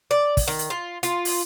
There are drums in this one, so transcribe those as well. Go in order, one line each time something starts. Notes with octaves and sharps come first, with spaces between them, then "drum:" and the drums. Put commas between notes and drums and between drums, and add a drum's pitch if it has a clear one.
D5
drum: kick, open hi-hat
D#3
drum: hi-hat
F4
F4, drum: hi-hat
drum: open hi-hat